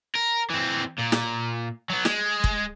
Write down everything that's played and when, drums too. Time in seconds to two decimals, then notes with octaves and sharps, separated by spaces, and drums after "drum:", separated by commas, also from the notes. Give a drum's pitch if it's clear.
0.15 A#4
0.50 E3 C4
0.98 A#2
1.12 drum: snare
1.90 F#3 B3
2.05 G#3, drum: snare
2.44 drum: kick